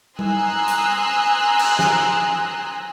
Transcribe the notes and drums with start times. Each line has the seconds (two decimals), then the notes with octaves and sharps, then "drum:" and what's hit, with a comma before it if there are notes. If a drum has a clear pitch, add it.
0.19 G#5 A#5 C6 D#6 E6 F#6, drum: tom G3
0.68 drum: hi-hat
1.59 drum: cymbal
1.79 drum: snare